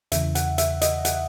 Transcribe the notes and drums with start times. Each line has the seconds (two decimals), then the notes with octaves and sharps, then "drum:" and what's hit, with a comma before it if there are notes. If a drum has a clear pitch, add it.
0.12 E2 C#3 E3 E5, drum: hi-hat
0.35 F#5, drum: hi-hat
0.58 E5, drum: hi-hat
0.82 D#5, drum: hi-hat
1.05 F#5, drum: hi-hat